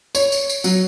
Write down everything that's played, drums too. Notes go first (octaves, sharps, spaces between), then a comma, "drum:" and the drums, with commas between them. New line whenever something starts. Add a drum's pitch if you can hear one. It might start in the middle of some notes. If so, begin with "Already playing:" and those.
C#5, drum: tambourine
drum: tambourine
drum: tambourine
F#3, drum: tambourine